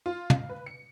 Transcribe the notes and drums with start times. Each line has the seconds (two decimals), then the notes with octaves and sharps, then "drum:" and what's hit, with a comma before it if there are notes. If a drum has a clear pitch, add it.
0.06 F4
0.30 F5, drum: tom
0.49 B4
0.66 C#7